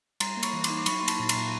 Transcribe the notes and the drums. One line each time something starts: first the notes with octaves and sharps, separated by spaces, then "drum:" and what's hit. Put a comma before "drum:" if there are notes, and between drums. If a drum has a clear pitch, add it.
G3 A#5 C6, drum: cymbal
A#3
B5 C#6, drum: cymbal
E3
C6 D6, drum: cymbal
D#4
D6
F#3 B5 C#6, drum: cymbal
A#3 C6
A5 B5, drum: cymbal
A#2
A#5 C6, drum: cymbal
A#2